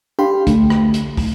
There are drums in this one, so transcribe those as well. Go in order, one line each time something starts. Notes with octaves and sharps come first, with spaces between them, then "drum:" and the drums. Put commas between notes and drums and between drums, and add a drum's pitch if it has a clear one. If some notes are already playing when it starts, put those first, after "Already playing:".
D4 G4 F5 G5 B5 C6
D3 A3, drum: kick, hi-hat
drum: rim click
drum: hi-hat
drum: kick, open hi-hat